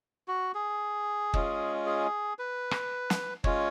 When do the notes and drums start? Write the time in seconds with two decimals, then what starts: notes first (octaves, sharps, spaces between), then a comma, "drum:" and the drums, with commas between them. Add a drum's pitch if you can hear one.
0.28 F#4
0.55 G#4
1.34 G#3 C#4 F4, drum: kick
1.86 G#4
2.39 B4
2.71 drum: rim click
3.10 drum: snare
3.44 G#3 C#4 F4 C#5, drum: kick